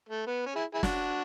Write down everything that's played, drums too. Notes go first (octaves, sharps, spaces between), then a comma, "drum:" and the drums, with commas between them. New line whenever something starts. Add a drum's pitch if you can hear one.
A3
B3
C#4
E4 G#4
E4 G#4
D4 F#4, drum: snare